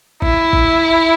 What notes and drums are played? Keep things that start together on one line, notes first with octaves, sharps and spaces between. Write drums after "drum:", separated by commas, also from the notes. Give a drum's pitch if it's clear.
E4, drum: kick G#1
drum: kick G#1